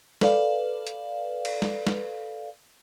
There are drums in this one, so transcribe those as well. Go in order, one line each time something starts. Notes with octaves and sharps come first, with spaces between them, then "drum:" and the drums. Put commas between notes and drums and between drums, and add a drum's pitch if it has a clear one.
A4 B4 D5 F5, drum: snare
drum: hi-hat
drum: cymbal
drum: snare
drum: snare